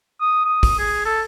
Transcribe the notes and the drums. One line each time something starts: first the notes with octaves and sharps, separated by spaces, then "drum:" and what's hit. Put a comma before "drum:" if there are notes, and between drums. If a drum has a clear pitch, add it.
D#6
D#6
drum: kick, open hi-hat
G#4
A4